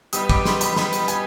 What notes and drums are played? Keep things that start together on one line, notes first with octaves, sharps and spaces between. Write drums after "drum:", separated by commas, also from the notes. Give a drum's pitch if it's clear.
G3 B3 D#4 B4 D#6, drum: hi-hat
D6, drum: kick
C6, drum: snare
B5, drum: hi-hat
G3 B3 D#4 B4 B5, drum: snare
drum: hi-hat
G#5, drum: hi-hat